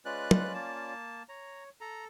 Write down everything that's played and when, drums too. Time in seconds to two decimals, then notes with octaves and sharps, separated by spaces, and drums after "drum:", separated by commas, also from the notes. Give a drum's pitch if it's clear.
0.05 G#3 C#4 F4 B4 D5 F#6
0.31 drum: tom
0.54 A#3 A5
1.29 C#5 A#5
1.81 A4 A#5